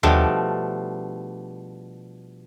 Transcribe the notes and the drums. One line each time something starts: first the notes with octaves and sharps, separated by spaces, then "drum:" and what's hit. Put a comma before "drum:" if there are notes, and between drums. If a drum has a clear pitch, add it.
B2 F3 G3 A3 D4, drum: tom D#2